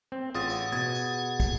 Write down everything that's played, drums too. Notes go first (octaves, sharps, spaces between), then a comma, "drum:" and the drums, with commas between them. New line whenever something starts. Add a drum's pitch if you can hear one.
C4
A1 F4 G#4 F#5 D#6 A6
drum: tambourine
B2 D#6 G#6 A6
drum: tambourine
drum: kick, tambourine